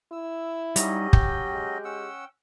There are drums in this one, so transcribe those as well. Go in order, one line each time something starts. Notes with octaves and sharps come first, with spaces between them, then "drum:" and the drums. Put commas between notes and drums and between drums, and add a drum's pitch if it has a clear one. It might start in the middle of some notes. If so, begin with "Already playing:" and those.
E4 E6
F#3 G3 C#4 D#4 G4 D#5, drum: hi-hat
G5, drum: kick
G#3
C#4 F#5 E6